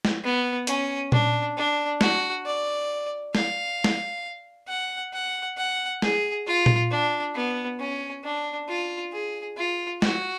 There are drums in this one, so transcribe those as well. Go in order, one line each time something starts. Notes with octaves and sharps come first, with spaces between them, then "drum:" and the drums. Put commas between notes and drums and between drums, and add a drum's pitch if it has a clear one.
drum: snare
B3
C#4, drum: hi-hat
D4, drum: tom A#2
D4
F#4, drum: snare
D5
F5, drum: snare
drum: snare
F#5
F#5
F#5
G#4, drum: snare
F4
drum: tom A#2
D4
B3
C#4
D4
F4
G#4
F4
F#4, drum: snare